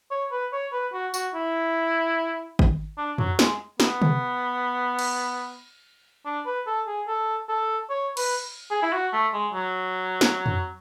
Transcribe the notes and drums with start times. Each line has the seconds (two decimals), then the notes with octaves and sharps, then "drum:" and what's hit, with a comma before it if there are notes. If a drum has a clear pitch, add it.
0.11 C#5
0.32 B4
0.52 C#5
0.72 B4
0.93 F#4
1.14 F#4, drum: tambourine
1.34 E4
2.59 drum: kick G#1
2.98 D4
3.18 F#3, drum: tom F2
3.39 G#3, drum: snare
3.80 B3, drum: snare
4.02 drum: tom C3
4.99 drum: cymbal
6.25 D4
6.46 B4
6.67 A4
6.87 G#4
7.07 A4
7.49 A4
7.90 C#5
8.17 B4, drum: cymbal
8.71 G#4
8.82 E4
8.93 F#4
9.13 A3
9.33 G#3
9.54 F#3
10.21 drum: snare
10.46 drum: tom F2